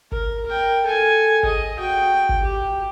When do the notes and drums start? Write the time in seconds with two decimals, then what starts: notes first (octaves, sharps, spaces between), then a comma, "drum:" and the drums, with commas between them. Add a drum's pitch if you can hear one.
0.12 A#4, drum: kick G1
0.45 A#4 G5
0.86 A4 G#5
1.43 G#4 D#5, drum: kick G1
1.77 F#4 G5
2.29 drum: kick G1
2.42 G4